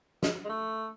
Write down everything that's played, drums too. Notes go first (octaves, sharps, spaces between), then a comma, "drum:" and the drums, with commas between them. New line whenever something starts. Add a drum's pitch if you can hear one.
G#3, drum: snare
G#3
A3